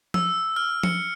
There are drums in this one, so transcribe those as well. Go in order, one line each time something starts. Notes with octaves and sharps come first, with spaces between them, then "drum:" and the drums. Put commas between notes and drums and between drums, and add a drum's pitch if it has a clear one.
E6, drum: tom F3
F6
C#7, drum: tom F3